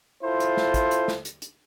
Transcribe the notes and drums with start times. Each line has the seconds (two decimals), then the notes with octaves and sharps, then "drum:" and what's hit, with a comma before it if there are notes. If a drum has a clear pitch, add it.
0.23 E4 F4 A4 C5
0.40 drum: hi-hat
0.57 drum: snare
0.74 drum: kick, hi-hat
0.91 drum: hi-hat
1.08 drum: snare
1.25 drum: hi-hat
1.42 drum: hi-hat